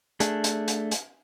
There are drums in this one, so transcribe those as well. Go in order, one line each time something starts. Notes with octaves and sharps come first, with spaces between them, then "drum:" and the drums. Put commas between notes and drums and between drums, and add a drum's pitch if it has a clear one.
A3 D4 G#4, drum: hi-hat
drum: hi-hat
drum: hi-hat
drum: hi-hat